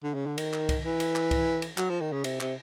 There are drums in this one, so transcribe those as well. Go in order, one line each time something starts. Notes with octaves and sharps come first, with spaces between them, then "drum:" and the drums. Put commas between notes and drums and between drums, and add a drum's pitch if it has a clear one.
D3
C#3
D3
D#3, drum: cymbal
drum: clap
drum: kick C2, cymbal
E3
drum: cymbal
drum: clap
drum: kick C2, cymbal
drum: cymbal
F#3, drum: clap
F3
D#3
C#3
C3, drum: cymbal
C3, drum: clap